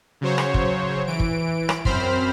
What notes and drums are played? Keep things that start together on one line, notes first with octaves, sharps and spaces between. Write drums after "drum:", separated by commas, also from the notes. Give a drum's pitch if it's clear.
C#3 F#3 C5 C#5
drum: rim click
drum: kick G1
E3 D7
drum: kick G1
drum: rim click
F#2 C4 C5 B5 F6, drum: kick G1